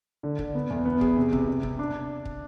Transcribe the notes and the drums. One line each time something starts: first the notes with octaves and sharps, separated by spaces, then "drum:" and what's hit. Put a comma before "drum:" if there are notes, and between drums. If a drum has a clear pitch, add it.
D3
D3, drum: kick
B3
E2
B3
G#4, drum: kick
C3
C3, drum: kick
C3
C3, drum: kick
D4
drum: kick